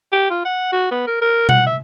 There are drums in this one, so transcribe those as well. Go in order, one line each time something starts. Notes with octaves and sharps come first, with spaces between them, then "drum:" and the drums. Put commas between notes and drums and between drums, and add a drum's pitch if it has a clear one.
G4
F4
F#5
F#4
B3
A#4
A#4
F#5, drum: tom B2
E5